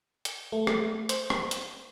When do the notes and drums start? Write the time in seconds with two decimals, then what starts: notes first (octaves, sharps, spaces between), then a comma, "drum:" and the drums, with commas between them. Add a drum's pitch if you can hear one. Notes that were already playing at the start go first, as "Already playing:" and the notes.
0.25 drum: hi-hat
0.52 A3
0.67 drum: rim click
1.09 C5, drum: hi-hat
1.30 drum: rim click
1.51 drum: hi-hat